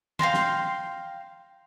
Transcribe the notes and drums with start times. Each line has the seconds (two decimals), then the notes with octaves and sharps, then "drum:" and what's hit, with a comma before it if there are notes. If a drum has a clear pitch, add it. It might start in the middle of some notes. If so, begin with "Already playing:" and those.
0.19 F5 G5 A#5 C6, drum: tom
0.34 drum: snare